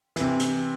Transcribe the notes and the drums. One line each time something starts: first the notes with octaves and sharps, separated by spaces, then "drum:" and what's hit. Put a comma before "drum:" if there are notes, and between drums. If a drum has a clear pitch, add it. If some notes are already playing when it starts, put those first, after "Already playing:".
C3 E3, drum: hi-hat
drum: hi-hat